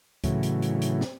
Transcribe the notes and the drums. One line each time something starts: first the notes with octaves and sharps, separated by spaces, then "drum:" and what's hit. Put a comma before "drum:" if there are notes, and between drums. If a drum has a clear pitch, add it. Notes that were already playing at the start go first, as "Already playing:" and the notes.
A2 C#3 E3 F#3, drum: kick C#2, hi-hat
drum: hi-hat
drum: hi-hat
drum: hi-hat
drum: snare